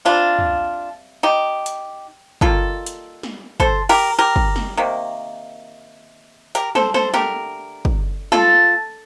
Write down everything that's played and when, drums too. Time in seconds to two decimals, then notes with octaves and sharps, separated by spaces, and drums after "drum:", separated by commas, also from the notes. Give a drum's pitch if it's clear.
0.05 C3 G3 A#3 D4 F4
0.39 drum: tom
1.23 D#4 G4
1.66 drum: hi-hat
2.41 D#3 G3 A#3 F4 A4, drum: kick
2.86 drum: hi-hat
3.23 drum: snare
3.60 A4 C5, drum: kick
3.89 G4 A#4, drum: cymbal
4.19 G4 A#4
4.36 drum: kick
4.56 drum: snare
4.77 C3 D#3 A#3
6.55 G4 A#4, drum: hi-hat
6.75 A4 C5, drum: snare
6.94 A4 C5, drum: snare
7.14 D3 A3 G4 A#4, drum: snare
7.85 drum: kick
8.32 F4 A4, drum: snare